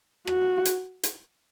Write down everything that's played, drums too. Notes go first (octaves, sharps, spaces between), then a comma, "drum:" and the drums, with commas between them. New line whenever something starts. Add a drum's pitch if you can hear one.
F#4, drum: rim click
drum: hi-hat
drum: hi-hat